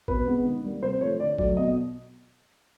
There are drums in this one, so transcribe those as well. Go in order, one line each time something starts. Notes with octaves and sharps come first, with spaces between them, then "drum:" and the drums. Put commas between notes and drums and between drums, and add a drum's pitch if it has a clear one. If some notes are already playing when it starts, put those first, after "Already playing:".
B2 B4, drum: kick A1
G#3 B3
D#3
G3 A#3
C3 C5
F3 A3 C#5
D3 D5
F#3 A3 D5, drum: kick A1
B2 D#5